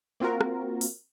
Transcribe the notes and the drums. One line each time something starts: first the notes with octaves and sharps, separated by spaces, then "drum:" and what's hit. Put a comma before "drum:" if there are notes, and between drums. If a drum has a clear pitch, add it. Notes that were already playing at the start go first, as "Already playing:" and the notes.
A#3 C4 F4 F#4 A#4
drum: rim click
drum: open hi-hat